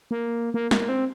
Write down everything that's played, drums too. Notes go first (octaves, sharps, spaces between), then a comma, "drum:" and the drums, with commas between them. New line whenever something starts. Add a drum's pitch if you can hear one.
A#3
A#3
A#3, drum: snare
C4